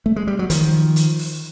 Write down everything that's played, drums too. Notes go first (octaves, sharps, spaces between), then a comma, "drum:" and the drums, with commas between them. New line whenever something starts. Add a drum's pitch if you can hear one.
A3
G#3
G3
F#3
D#3 F3, drum: hi-hat
drum: hi-hat
drum: open hi-hat